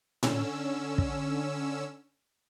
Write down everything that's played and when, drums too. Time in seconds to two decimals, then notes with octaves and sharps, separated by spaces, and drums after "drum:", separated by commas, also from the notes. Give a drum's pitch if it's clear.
0.23 D3 C#4 E6, drum: tom A2
0.98 drum: kick